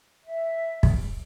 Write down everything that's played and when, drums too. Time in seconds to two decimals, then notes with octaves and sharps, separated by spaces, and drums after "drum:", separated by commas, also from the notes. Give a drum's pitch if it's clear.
0.25 E5
0.83 drum: kick